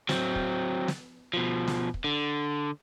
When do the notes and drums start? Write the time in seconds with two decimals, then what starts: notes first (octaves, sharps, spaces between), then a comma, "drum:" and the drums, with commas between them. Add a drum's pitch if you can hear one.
0.09 F#3 C4, drum: snare
0.35 drum: kick
0.88 drum: snare
1.33 B2 F3
1.67 drum: snare
1.94 drum: kick
2.04 D3